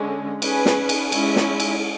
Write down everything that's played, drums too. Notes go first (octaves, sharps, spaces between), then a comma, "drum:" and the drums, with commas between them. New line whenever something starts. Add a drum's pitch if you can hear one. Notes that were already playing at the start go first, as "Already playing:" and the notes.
Already playing: D3 G#3 C#4
C#4 G#4 B4, drum: cymbal
drum: snare
drum: cymbal
G#3 C#4 E4, drum: cymbal
drum: snare
drum: cymbal